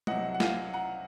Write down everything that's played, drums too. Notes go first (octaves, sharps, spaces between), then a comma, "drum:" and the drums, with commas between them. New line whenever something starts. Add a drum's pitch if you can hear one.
C2 C3 F#3 D#5 F#5, drum: tom G#3
F#5
F5 G#5, drum: snare
F#5 A#5